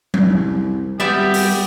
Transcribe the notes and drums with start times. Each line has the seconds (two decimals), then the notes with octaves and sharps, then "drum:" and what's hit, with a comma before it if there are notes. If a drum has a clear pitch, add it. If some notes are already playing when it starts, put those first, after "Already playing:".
0.14 C2, drum: tom F#3
1.00 G#1 G3 B3 G4 D5 E5
1.34 drum: open hi-hat